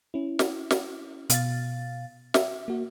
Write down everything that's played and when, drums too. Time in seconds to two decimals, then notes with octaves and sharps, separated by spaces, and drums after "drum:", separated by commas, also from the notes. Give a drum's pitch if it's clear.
0.14 C#4 E4
0.39 drum: snare
0.71 drum: snare
1.30 B2 F5 A6, drum: hi-hat
2.34 E5, drum: snare
2.68 A#3 F#4